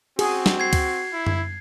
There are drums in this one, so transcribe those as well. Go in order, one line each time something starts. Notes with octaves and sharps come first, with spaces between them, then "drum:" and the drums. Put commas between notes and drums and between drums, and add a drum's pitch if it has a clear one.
C4 F#4 G#4, drum: cymbal
drum: snare
G#6 C7
drum: kick C#2, cymbal
E4
drum: tom F#2